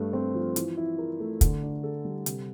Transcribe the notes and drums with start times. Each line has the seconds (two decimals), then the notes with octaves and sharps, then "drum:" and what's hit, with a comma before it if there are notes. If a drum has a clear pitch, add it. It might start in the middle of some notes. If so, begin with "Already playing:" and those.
Already playing: G2 A3
0.13 C4
0.35 F3
0.56 E3, drum: hi-hat
0.77 E4
0.98 A#4
1.20 A3
1.41 D3, drum: kick, hi-hat
1.62 D4
1.84 A4
2.05 G3
2.26 C3, drum: hi-hat